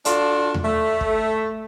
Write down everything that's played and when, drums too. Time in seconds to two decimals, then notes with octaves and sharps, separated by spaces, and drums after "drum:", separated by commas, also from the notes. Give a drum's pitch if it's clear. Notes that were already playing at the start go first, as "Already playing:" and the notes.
0.05 D4 F4 F#4 A4 D5, drum: hi-hat
0.54 drum: tom E2
0.63 A3
1.01 drum: kick